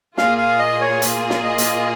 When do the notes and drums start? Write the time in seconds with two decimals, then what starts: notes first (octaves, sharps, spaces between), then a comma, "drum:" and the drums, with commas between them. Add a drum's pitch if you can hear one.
0.18 A#2 A#3 F4 G#4 F5, drum: snare
0.38 F5
0.59 D#5
0.81 C#5
1.02 drum: hi-hat
1.30 drum: snare
1.44 D#5
1.58 drum: hi-hat